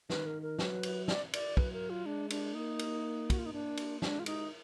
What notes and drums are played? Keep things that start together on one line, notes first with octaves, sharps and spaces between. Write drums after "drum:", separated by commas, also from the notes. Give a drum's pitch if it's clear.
D#3 B4, drum: snare
A#4
A#4
F#3 B4, drum: snare
drum: cymbal
D5, drum: snare
D5, drum: cymbal
F#3 B4, drum: kick
A#4
F4
G#3 D4
D4, drum: cymbal
A#3 D#4
drum: cymbal
F#4, drum: kick, cymbal
F4
D#4
A#3 D4
drum: cymbal
G#3 D4, drum: snare
F4
D#4, drum: cymbal